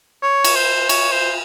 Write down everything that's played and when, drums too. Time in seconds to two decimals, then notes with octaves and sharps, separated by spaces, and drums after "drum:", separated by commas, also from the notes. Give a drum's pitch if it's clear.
0.23 C#5
0.44 drum: cymbal
0.56 C5
0.89 C#5, drum: cymbal
1.12 C5